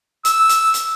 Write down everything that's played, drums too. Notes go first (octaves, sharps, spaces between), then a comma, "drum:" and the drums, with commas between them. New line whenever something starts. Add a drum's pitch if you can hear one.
E6, drum: hi-hat
drum: hi-hat
drum: hi-hat